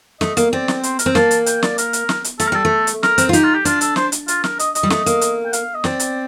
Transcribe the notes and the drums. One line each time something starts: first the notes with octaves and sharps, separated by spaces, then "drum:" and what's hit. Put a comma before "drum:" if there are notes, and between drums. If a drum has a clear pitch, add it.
A3 D#5, drum: snare
A#3, drum: hi-hat
C4 D5
drum: snare
C5, drum: hi-hat
A#4, drum: hi-hat
C4
A#3 A5, drum: snare
drum: hi-hat
G5, drum: hi-hat
D5, drum: snare
A#4, drum: hi-hat
drum: hi-hat
drum: snare
drum: hi-hat
A3 A4, drum: hi-hat
A#4
G3 A4
A3
drum: hi-hat
A#4, drum: snare
C4, drum: hi-hat
F4
D#4 G4, drum: hi-hat
F4
G4
D4 F4, drum: hi-hat
A4, drum: hi-hat
C5, drum: snare
drum: hi-hat
F4, drum: hi-hat
A#4, drum: snare
D#5, drum: hi-hat
D#5, drum: hi-hat
G3
A3 D#5, drum: snare
A#3, drum: hi-hat
drum: hi-hat
G5
F5, drum: hi-hat
D#5
C4 D5, drum: snare
drum: hi-hat